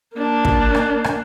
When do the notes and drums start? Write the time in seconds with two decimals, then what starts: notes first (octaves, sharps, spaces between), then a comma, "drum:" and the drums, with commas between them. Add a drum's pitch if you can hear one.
0.15 A#3 D4
0.45 drum: kick
0.75 drum: rim click
1.04 drum: rim click